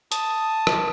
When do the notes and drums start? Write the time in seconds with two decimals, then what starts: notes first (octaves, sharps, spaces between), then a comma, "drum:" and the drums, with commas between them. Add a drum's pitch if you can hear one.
0.12 A5 D#6, drum: hi-hat
0.67 drum: rim click